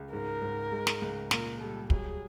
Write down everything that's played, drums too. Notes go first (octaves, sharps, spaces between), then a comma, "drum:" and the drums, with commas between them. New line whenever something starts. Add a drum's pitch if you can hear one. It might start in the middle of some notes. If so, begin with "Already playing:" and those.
Already playing: C#2
G#2 A#4
G#2
G#3
drum: snare
C#2
A#2 A#4, drum: snare
G3 A4
F#3 G#4, drum: kick